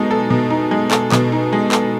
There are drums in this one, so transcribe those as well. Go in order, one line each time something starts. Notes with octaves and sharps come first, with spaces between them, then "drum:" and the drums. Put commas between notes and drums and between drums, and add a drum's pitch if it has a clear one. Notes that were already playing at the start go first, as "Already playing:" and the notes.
Already playing: B2 G#3 D#4 A4
A4
B2
D#4
G#3
A4, drum: clap
B2, drum: clap
D#4
G#3
A4, drum: clap